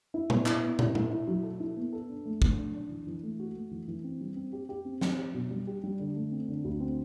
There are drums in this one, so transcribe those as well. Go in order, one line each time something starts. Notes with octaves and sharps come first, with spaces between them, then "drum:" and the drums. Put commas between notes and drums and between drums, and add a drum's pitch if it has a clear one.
E4
B3, drum: tom A#2
E4, drum: clap
B3
E4, drum: tom
E4, drum: tom A#2
E4
F#3
A4
E4
B3
A4
D4
A3
D4, drum: kick
D4
D4
E3
E3
A3
F#4
A3
E3
E3
C4
G3
C4
G4
G4
C4
C4, drum: snare
G4
B2
G3
G4
G3
D3
A3
C4
D3
D2
C4